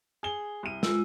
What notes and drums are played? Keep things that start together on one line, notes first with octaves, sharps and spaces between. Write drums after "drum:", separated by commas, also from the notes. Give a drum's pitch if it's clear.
G#4 G7
C2 D#7
G#3 F4 E6, drum: snare